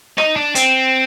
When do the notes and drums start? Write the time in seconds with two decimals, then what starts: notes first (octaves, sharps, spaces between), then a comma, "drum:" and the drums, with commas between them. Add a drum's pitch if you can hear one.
0.18 D#4, drum: rim click
0.36 D4
0.55 C4, drum: hi-hat